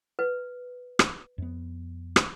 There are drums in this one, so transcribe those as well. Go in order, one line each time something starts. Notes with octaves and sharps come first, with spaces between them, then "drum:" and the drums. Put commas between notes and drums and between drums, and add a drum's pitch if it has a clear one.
B4
drum: rim click
F2 B3
drum: rim click